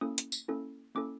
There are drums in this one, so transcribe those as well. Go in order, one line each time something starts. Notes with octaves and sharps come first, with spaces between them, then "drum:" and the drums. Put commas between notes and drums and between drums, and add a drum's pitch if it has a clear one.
A#3 C#4 E4 A4 D#6
drum: hi-hat
drum: tambourine
A#3 C#4 E4 A4
A#3 C#4 E4 A4 D6